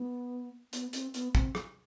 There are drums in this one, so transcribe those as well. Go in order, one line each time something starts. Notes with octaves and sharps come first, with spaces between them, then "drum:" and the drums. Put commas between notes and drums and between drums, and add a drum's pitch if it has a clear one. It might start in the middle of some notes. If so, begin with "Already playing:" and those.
Already playing: B3
B3, drum: hi-hat
C4, drum: hi-hat
B3, drum: hi-hat
C4, drum: kick
drum: rim click